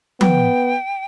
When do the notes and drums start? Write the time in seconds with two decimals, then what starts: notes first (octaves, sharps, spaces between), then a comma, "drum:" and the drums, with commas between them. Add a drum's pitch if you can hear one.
0.21 B3 G5, drum: tom F3